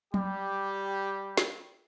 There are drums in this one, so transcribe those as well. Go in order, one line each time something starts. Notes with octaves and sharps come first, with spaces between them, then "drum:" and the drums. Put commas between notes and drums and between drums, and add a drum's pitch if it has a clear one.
G3 G4, drum: tom F#3
drum: snare